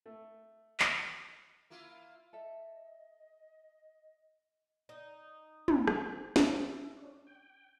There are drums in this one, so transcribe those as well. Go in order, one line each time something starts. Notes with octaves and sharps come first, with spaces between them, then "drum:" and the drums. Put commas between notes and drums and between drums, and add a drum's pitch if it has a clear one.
A3
drum: clap
A#3 E4 F4
A4 D#5 E5
D#4
drum: tom
C4, drum: rim click
B2 E3 F#3, drum: snare
E4
C#4 D4
G5